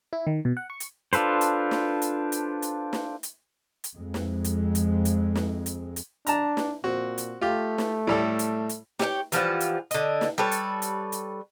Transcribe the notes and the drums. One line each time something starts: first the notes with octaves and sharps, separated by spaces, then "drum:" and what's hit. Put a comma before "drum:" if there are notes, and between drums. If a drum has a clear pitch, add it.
E4
D#3
B2
F#5
C#6
drum: hi-hat
D4 F4 A4 B4 C5, drum: hi-hat
drum: hi-hat
drum: snare
drum: hi-hat
drum: hi-hat
drum: hi-hat
drum: snare
drum: hi-hat
drum: hi-hat
F2 G#3
drum: snare
drum: hi-hat
drum: hi-hat
drum: hi-hat
drum: snare
drum: hi-hat
drum: hi-hat
D4 A5 A#5, drum: hi-hat
drum: snare
A#2 C4 F#4
drum: hi-hat
A3 F4 G4
drum: snare
A2 G3 A4
drum: hi-hat
drum: hi-hat
G4 C#5 E5 G5, drum: snare
E3 F3 G3 F#5, drum: hi-hat
drum: hi-hat
D3 D#5, drum: hi-hat
drum: snare
G3 A4 B4 C#5
drum: hi-hat
drum: hi-hat
drum: hi-hat